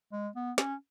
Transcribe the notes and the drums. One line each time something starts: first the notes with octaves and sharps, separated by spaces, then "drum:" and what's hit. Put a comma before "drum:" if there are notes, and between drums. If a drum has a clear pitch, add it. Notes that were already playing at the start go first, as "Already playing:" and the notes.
G#3
B3
C#4, drum: snare